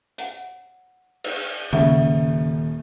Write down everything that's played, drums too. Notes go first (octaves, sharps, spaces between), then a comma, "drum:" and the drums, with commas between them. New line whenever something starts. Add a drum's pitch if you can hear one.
C#5 F#5, drum: hi-hat
drum: cymbal
D#1 C#3 G4 E5 F#5, drum: tom